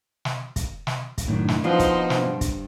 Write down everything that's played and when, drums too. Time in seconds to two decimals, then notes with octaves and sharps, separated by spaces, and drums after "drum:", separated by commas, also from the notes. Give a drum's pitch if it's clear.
0.25 drum: snare
0.56 drum: kick, hi-hat
0.87 drum: snare
1.18 drum: kick, hi-hat
1.28 F#2 A2 D#3 D4
1.48 drum: snare
1.64 B2 F3 D4 D#4 F4 C5
1.79 drum: kick, hi-hat
2.10 drum: snare
2.23 G2
2.41 drum: kick, hi-hat